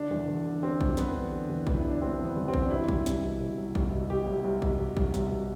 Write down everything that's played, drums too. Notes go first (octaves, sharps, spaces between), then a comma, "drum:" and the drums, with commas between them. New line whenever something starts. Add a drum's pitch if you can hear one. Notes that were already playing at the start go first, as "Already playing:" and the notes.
Already playing: D3 D4
E2
E2
D3
D3 C4
E2, drum: kick A#1
E2 B3, drum: snare
D3
D3
E2
E2, drum: kick A#1
E4
D3 D4
D3 C4
E2
B3
E2
C4
D3, drum: kick A#1
D4
B2 E4
C2, drum: kick A#1
C2, drum: snare
B2
B2
C2
C2, drum: kick A#1
B2
B2 G4
C2
C2
B2, drum: kick A#1
B2
C2, drum: kick A#1
C2, drum: snare
B2